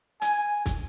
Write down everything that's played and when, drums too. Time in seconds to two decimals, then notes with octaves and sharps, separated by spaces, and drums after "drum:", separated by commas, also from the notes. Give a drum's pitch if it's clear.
0.22 G#5, drum: hi-hat
0.66 drum: kick, hi-hat